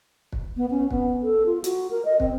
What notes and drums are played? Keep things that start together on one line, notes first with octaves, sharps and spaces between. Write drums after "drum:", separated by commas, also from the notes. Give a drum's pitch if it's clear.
drum: kick
B3
C#4
B3, drum: kick
A4
F4
F#4, drum: hi-hat
A#4
D#5
C4, drum: kick